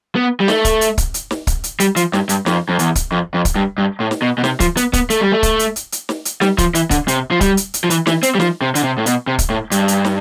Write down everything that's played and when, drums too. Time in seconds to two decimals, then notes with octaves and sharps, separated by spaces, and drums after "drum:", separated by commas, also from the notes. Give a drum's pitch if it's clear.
0.16 B3
0.40 G3
0.48 A3, drum: snare
0.65 drum: kick, hi-hat
0.81 drum: hi-hat
0.98 drum: kick, hi-hat
1.14 drum: hi-hat
1.31 drum: snare
1.47 drum: kick, hi-hat
1.64 drum: hi-hat
1.80 G3, drum: hi-hat
1.96 F3, drum: hi-hat
2.13 G2, drum: snare
2.29 G2, drum: hi-hat
2.46 F2, drum: snare
2.69 F2
2.79 E2, drum: hi-hat
2.95 drum: kick, hi-hat
3.12 F2
3.34 F2
3.45 drum: kick, hi-hat
3.55 G2
3.78 G2
4.00 A2
4.11 drum: snare
4.22 B2
4.38 B2
4.44 C3, drum: snare
4.60 F3, drum: kick, hi-hat
4.77 B3, drum: hi-hat
4.93 B3, drum: kick, hi-hat
5.10 A3, drum: hi-hat
5.21 G3
5.32 A3
5.43 drum: kick, hi-hat
5.59 drum: hi-hat
5.76 drum: hi-hat
5.92 drum: hi-hat
6.09 drum: snare
6.25 drum: hi-hat
6.41 G3, drum: snare
6.58 F3, drum: kick, hi-hat
6.75 E3, drum: hi-hat
6.91 D3, drum: kick, hi-hat
7.08 C3, drum: hi-hat
7.31 F3
7.41 G3, drum: kick, hi-hat
7.57 drum: hi-hat
7.74 drum: hi-hat
7.84 F3
7.90 E3, drum: hi-hat
8.07 E3, drum: snare
8.23 C4, drum: hi-hat
8.35 G3
8.40 F3, drum: snare
8.61 C3
8.75 D3, drum: hi-hat
8.84 C3
8.98 A2
9.06 B2, drum: hi-hat
9.27 C3
9.39 drum: kick, hi-hat
9.50 A2
9.71 G2, drum: hi-hat
9.88 drum: hi-hat
10.05 drum: snare